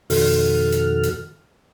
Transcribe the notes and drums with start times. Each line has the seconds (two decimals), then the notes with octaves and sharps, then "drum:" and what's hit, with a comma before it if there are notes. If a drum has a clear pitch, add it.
0.10 F2 B2 D#3 F#4 A4 F6, drum: open hi-hat
0.72 drum: hi-hat
1.03 drum: hi-hat